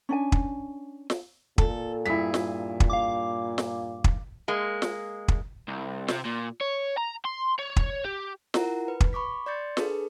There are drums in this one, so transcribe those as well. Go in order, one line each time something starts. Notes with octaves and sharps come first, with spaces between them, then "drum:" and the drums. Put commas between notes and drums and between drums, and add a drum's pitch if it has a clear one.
C#4 D4 G#5
drum: kick
drum: snare
A#2 A4, drum: kick
G2 E4 G#4 B6
drum: snare
drum: kick
F5 D6
drum: snare
drum: kick
G#3 A#3
drum: snare
drum: kick
C2
C3, drum: snare
A#2
C#5
A#5
C6
C#5
drum: kick
G4
E4 F4 A#4 F#5 A#5, drum: snare
B4
drum: kick
B5 C#6 D6 B6
D5 C6 G6 A6 C#7
D4 G#4 A4 B4, drum: snare